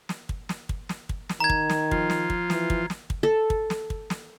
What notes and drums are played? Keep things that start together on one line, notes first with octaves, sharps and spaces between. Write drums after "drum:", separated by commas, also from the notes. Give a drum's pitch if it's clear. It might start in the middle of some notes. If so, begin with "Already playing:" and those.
drum: snare
drum: kick
drum: snare
drum: kick
drum: snare
drum: kick
drum: snare
D#3 A#5 G#6
drum: kick
drum: snare
F3 F4, drum: kick
drum: snare
drum: kick
E3, drum: snare
drum: kick
drum: snare
drum: kick
A4
drum: kick
drum: snare
drum: kick
drum: snare